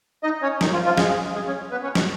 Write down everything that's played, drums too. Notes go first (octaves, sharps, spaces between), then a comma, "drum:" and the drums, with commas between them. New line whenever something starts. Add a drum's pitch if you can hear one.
D#4 D#5
C#4 C#5
D#3 D#4, drum: snare
F3 F4
F3 F4
G#3 G#4, drum: snare
G#3 G#4
C#4 C#5
B3 B4
C#4 C#5
D#4 D#5, drum: snare